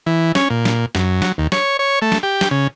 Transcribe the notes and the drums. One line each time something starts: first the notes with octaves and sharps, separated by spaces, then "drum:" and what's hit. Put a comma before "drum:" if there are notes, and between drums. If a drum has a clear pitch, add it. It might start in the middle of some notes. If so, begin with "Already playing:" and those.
E3
C#4, drum: snare
A#2
drum: snare
F#2, drum: snare
F#3, drum: snare
D#2
C#5, drum: snare
C#5
A3
drum: snare
G4
drum: snare
C#3